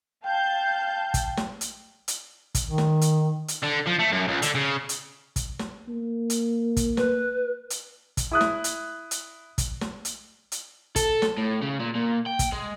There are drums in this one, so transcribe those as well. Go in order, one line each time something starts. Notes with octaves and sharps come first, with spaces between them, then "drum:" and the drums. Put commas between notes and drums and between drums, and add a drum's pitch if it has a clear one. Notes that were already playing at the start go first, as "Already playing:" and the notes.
F5 G5 A5 G6
drum: kick, hi-hat
drum: snare
drum: hi-hat
drum: hi-hat
drum: kick, hi-hat
D#3
drum: snare
drum: hi-hat
drum: hi-hat
D3
F3
A3
F#2
C#2
D3, drum: hi-hat
C#3
drum: hi-hat
drum: kick, hi-hat
drum: snare
A#3
drum: hi-hat
drum: kick, hi-hat
B4, drum: snare
drum: hi-hat
drum: kick, hi-hat
E4 D#6 F#6
drum: snare
drum: hi-hat
drum: hi-hat
drum: kick, hi-hat
drum: snare
drum: hi-hat
drum: hi-hat
A4, drum: kick, hi-hat
drum: snare
A2
C#3
A#2
A#2
G5
drum: kick, hi-hat
G#3